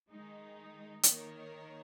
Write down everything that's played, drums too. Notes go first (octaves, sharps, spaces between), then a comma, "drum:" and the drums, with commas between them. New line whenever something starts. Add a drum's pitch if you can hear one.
D#3 G#3 D#4
D#3 A#3 D#4 A#4 C#5, drum: hi-hat